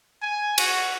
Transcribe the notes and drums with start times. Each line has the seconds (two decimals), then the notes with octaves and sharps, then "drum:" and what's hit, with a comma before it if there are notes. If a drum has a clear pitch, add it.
0.22 G#5
0.58 F#4, drum: cymbal